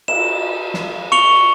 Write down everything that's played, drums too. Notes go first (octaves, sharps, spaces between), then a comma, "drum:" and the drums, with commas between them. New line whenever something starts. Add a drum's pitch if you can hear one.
E7, drum: cymbal
drum: snare
C#6 C#7 F7 G7